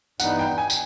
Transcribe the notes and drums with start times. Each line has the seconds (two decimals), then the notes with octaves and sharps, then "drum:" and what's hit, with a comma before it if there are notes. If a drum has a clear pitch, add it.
0.20 G2 E3 G3 B3 D#4 F#5, drum: tambourine
0.39 G5
0.58 G#5
0.70 drum: tambourine